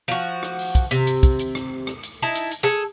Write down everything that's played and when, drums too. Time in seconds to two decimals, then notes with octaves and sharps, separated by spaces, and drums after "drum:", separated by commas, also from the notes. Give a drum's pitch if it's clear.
0.08 F3 F#4
0.43 drum: rim click
0.59 drum: open hi-hat
0.75 drum: kick, hi-hat
0.91 C3, drum: hi-hat
1.07 drum: hi-hat
1.23 drum: kick, hi-hat
1.39 drum: hi-hat
1.55 drum: rim click
1.87 drum: rim click
2.03 drum: hi-hat
2.22 D#4 E4 A5
2.35 drum: hi-hat
2.51 drum: hi-hat
2.63 G#4 A4